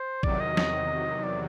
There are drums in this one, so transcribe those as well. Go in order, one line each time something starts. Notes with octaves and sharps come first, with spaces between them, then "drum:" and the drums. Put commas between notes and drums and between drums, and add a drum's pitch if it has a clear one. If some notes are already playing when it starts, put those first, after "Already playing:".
Already playing: C5
E2 C3 D#3 F#3 D5, drum: kick A1
D#5
drum: snare
D5